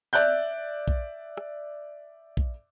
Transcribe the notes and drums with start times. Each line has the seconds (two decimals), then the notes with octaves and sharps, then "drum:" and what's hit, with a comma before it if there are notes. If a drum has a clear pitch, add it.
0.13 D5 E5 F#6 G6
0.88 drum: kick A#1
1.37 drum: rim click
2.37 drum: kick A#1